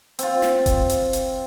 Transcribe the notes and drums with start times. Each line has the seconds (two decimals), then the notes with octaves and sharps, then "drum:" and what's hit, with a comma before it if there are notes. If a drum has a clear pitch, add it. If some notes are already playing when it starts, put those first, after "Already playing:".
0.19 C4 F4, drum: hi-hat
0.42 drum: snare
0.66 drum: kick E1, hi-hat
0.90 drum: hi-hat
1.13 drum: hi-hat